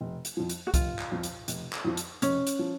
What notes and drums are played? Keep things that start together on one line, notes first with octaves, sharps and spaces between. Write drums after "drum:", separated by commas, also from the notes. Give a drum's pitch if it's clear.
F1
drum: hi-hat
F2 F3
drum: hi-hat
F#4
F1 F4, drum: kick C2, hi-hat
drum: clap
F2 F3
drum: hi-hat
F1, drum: hi-hat
drum: clap
F2 F3
drum: hi-hat
F1 C#4, drum: hi-hat
drum: hi-hat
F3